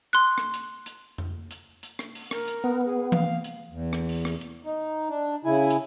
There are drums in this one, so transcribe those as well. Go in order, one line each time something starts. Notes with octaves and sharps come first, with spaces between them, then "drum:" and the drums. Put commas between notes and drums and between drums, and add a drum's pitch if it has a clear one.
C6 F#6
drum: rim click
drum: hi-hat
drum: hi-hat
drum: tom F2
drum: hi-hat
drum: hi-hat
drum: rim click
drum: open hi-hat
A#4, drum: rim click
drum: hi-hat
B3
G#4
F5, drum: tom E3
drum: hi-hat
E2
drum: rim click
drum: open hi-hat
drum: rim click
drum: hi-hat
D#4
D4
C#3 E4 G#5
drum: hi-hat